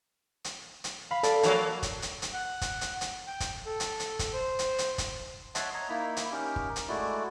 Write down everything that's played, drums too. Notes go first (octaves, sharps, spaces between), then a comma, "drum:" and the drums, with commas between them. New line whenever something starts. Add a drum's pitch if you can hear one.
drum: hi-hat
drum: hi-hat
F5 B5
A4 D5, drum: hi-hat
D3 F#3 A#3 G#5, drum: hi-hat
drum: kick, hi-hat
drum: hi-hat
drum: hi-hat
F#5
drum: kick, hi-hat
drum: hi-hat
drum: hi-hat
G5
drum: kick, hi-hat
A4
drum: hi-hat
drum: hi-hat
drum: kick, hi-hat
C5
drum: hi-hat
drum: hi-hat
drum: kick, hi-hat
C#5 D#5 E5 F#5 A5 C6, drum: hi-hat
C#5 D#5 A#5
A#3 D#4 E4 B5
drum: hi-hat
C#4 D#4 G4 A#4
drum: kick
drum: hi-hat
G#3 A3 E4 F#4 D5